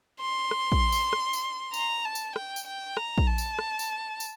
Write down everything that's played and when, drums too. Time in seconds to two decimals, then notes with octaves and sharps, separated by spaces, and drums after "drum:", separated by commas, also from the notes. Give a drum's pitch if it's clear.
0.21 C6
0.51 drum: rim click
0.72 drum: kick
0.92 drum: tambourine
1.13 drum: rim click
1.33 drum: tambourine
1.74 A#5, drum: tambourine
2.05 A5
2.15 drum: tambourine
2.36 G5, drum: rim click
2.56 drum: tambourine
2.67 G5
2.97 A#5, drum: rim click
3.18 drum: kick
3.27 A5
3.38 drum: tambourine
3.59 drum: rim click
3.79 drum: tambourine
4.20 drum: tambourine